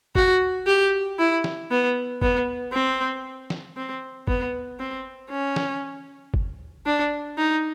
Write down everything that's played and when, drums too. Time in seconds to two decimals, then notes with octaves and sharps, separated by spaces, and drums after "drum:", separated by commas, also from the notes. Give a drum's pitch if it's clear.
0.15 F#4, drum: kick G1
0.66 G4
1.18 E4
1.44 drum: snare
1.71 B3
2.22 B3, drum: kick G1
2.72 C4
3.50 drum: snare
3.76 C4
4.27 B3, drum: kick G1
4.79 C4
5.30 C#4
5.56 drum: snare
6.34 drum: kick G1
6.86 D4
7.37 D#4